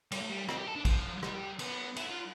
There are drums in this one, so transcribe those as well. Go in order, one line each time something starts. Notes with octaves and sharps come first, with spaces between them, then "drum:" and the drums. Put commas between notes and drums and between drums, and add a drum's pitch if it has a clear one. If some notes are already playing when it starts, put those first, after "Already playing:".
G3, drum: cymbal
A3
G3
C4, drum: rim click
G4
A4
D4
F3, drum: kick, cymbal
G3, drum: rim click
B3, drum: cymbal
E4, drum: cymbal
F4